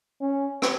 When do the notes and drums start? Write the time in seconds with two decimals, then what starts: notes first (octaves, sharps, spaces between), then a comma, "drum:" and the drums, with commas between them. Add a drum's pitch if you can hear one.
0.21 C#4
0.62 drum: rim click